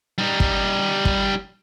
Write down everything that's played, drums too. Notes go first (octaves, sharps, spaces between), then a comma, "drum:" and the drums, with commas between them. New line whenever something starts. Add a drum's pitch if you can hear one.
G3 D#4
drum: kick
drum: kick